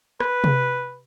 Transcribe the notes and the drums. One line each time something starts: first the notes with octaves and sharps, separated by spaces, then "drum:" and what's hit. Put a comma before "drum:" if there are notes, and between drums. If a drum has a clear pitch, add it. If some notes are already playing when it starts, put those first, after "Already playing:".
B4, drum: rim click
drum: tom C3